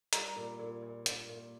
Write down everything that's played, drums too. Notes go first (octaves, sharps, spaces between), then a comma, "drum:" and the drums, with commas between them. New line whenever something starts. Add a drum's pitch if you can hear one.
G3 A#5, drum: hi-hat
A#2
A#2
A#2
A#3, drum: hi-hat
A#2